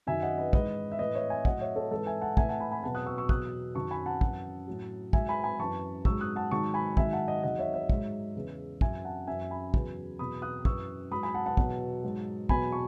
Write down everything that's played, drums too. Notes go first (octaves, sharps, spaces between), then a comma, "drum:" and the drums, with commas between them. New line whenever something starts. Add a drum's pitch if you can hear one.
F#2 D#3 F#3 E5 G#5
D#5 F#5
B4 D#5
G#2 E3 B4 D#5, drum: kick
E5
A2 E3 B4 D#5
C#5 E5
E5 G#5
A2 F#3 D#5 F#5, drum: kick
C#5 E5
A4 C#5
G#2 E3 A4
E5 G#5
F#5 A5
A2 E3 E5 G#5, drum: kick
F#5 A5
G#5 B5
G#5 B5
E2 B2 F#3 F#5 A5
D#6 F#6
C#6 E6
C#6 E6
E2 B2 F#3 D#6 F#6, drum: kick
F#2 D#3 F#3 A5 C#6
G#5 B5
F#5 A5
F#2 E3, drum: kick
A2 F#3
G#2 F#3 E5 G#5, drum: kick
G#5 B5
G#5 B5
F#2 E3 A5 C#6
G#2 F#3 C#6 E6, drum: kick
D#6 F#6
F#5 A5
G#2 D#3 F#3 A5 C#6
G#5 B5
G#2 D#3 F#3 E5 G#5, drum: kick
F#5 A5
D#5 F#5
E2 D#3 F#3 D#5 F#5
C#5 E5
C#5 E5
G#2 F#3, drum: kick
E2 C#3 E3
F#2 E3 E5 G#5, drum: kick
F#5 A5
F#2 E3 E5 G#5
G#5 B5
E2 C#3 F#3, drum: kick
E2 B2 F#3 B5 D#6
D#6 F#6
F#2 E3 C#6 E6, drum: kick
G#2 F#3 B5 D#6
G#5 B5
F#5 A5
F#5 A5
E2 B2 F#3, drum: kick
G#2 F#3
E2 B2 F#3 G#5 B5, drum: kick
A5 C#6